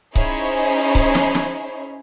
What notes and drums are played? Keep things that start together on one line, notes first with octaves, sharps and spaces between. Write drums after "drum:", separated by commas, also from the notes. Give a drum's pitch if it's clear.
C#4 D#4 E4 G#4 C5 C#5, drum: kick C#1
drum: kick C#1
drum: snare
drum: snare